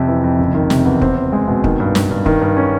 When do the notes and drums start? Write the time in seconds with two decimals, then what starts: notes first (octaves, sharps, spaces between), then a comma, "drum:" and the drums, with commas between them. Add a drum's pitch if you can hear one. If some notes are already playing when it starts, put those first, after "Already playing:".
Already playing: F2 C3
0.08 E3
0.24 F2
0.39 F#1
0.54 D#3
0.70 C3, drum: snare
0.85 E2
1.01 C4, drum: kick
1.16 C4
1.32 G#3
1.48 B2
1.64 D#3, drum: kick
1.80 G2
1.95 G2, drum: snare
2.11 G2
2.26 D#3, drum: kick
2.41 G2
2.57 C#4